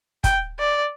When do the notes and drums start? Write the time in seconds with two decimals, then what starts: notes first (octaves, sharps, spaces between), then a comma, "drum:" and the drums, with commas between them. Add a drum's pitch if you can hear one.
0.24 G5, drum: kick, hi-hat
0.59 D5